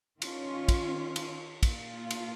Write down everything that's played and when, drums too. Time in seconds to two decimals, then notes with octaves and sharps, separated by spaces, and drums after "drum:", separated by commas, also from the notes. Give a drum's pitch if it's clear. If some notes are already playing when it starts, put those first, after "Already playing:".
0.22 D#3 C#4 F4, drum: cymbal
0.69 drum: kick, cymbal
1.16 drum: cymbal
1.63 A#2 A#3 F4, drum: kick, cymbal
2.11 drum: cymbal